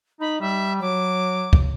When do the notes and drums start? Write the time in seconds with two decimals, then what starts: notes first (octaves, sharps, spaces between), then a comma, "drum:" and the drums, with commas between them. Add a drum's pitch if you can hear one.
0.21 D#4 B5
0.41 G3 E5
0.81 F#3 D6
1.53 drum: kick